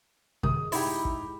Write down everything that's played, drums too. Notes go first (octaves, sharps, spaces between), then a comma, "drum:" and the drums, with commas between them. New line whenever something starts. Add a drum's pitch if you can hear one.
F#2 C3 D#3 G#3 D#6, drum: kick
D#4 E4 G4 B5 G#6, drum: open hi-hat
drum: kick